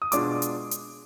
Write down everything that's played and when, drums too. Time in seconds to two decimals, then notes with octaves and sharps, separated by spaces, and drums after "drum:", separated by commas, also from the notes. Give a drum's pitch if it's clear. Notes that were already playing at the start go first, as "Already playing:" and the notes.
0.02 D#6
0.12 B2 G#3 D4 F4 D6, drum: hi-hat
0.42 drum: hi-hat
0.71 drum: hi-hat